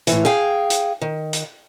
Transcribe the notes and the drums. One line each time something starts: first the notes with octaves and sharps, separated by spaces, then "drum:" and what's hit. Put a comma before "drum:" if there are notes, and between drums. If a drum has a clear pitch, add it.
A2 E3, drum: hi-hat
G#4 F5 G5
drum: hi-hat
D#3
drum: hi-hat